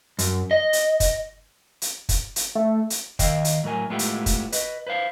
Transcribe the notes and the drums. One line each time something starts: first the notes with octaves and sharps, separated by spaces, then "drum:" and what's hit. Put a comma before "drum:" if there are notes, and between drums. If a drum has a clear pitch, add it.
F#2, drum: hi-hat
D#5
drum: hi-hat
drum: kick, hi-hat
drum: hi-hat
drum: kick, hi-hat
drum: hi-hat
A3
drum: hi-hat
D#2 D#3 D#5 F5 G5, drum: kick, hi-hat
drum: hi-hat
A2 F#3 A#4 G#5
A2 G#3 A3 B3 F4 G4
drum: hi-hat
drum: kick, hi-hat
B4 D#5, drum: hi-hat
B4 C5 E5 F5